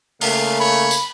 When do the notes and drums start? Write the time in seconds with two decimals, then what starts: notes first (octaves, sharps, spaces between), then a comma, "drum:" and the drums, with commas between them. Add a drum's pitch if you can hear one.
0.21 C#3 A3 A#3 F5, drum: open hi-hat
0.60 C#5 B5
0.91 drum: tambourine